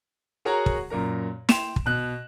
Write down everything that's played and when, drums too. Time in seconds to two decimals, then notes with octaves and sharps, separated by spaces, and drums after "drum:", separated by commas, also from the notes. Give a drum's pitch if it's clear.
0.45 F#4 G#4 A#4 C#5 F#5 A#5
0.66 drum: kick
0.90 F#2 A#2 A#4 A#5
1.49 G5 C6 E7 F7, drum: snare
1.76 drum: kick
1.86 B2 F#6